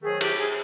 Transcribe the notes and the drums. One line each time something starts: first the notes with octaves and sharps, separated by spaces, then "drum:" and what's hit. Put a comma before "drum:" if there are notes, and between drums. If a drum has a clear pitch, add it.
G#2 D#3 F#3 A3 G#4
G4, drum: cymbal
G#4